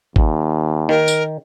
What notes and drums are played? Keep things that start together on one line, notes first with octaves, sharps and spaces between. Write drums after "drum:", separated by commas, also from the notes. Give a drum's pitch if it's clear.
D#2, drum: kick
D#3 A#4
drum: tambourine